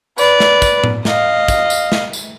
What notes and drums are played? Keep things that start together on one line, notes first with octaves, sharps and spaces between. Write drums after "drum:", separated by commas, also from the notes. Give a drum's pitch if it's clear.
B4 D5, drum: tambourine
drum: snare
drum: kick, tambourine
drum: tom A2
D#5 F5, drum: snare
drum: kick, tambourine
drum: tambourine
drum: snare
drum: tambourine